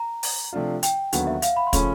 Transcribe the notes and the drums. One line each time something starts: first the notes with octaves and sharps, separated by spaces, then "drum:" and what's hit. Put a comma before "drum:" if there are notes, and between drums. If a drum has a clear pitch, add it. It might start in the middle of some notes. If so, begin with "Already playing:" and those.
Already playing: A#5
drum: open hi-hat
C3 F3 A3 D4 F4
G5, drum: hi-hat
D#2 D3 F#3 B3 F#5, drum: hi-hat
E5
F5, drum: hi-hat
B5
C6
C#3 F3 A3 C#4 B5, drum: kick, hi-hat